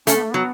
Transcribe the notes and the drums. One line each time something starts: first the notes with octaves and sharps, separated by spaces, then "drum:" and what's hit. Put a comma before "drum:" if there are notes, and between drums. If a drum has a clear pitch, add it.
A3 C#4, drum: hi-hat
B3
A3
F#3 B3